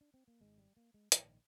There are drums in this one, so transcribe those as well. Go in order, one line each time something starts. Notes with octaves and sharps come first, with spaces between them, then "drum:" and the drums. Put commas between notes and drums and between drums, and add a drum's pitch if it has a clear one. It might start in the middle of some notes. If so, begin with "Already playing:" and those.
D4
C4
A#3
G#1 G#2 G#3
G3
A#3
G#3
A#1 G#2 F3, drum: hi-hat
D#3